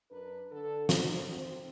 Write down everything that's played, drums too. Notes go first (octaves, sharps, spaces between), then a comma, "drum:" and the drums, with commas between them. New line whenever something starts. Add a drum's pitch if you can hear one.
F#2 D4 A#4 B4
D3 A4
E2, drum: snare
C4